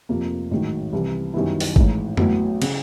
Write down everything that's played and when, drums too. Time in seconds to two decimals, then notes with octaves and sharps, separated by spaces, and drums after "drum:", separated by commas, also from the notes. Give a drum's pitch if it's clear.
0.09 F1 F2 C3 F3 A#3
0.51 A1 G#2 D#3 F#3
0.93 C2 C3 E3 G3
1.34 F#2 D#3 G3 B3 E4
1.60 drum: open hi-hat
1.76 A1 G#2 E3, drum: kick G#1
2.17 A1 A2 F#3 B3, drum: tom F2
2.62 C#3, drum: cymbal